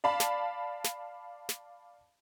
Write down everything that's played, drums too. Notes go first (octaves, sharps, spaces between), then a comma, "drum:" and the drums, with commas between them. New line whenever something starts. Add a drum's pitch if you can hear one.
D5 F5 A5 B5
drum: snare
drum: snare
drum: snare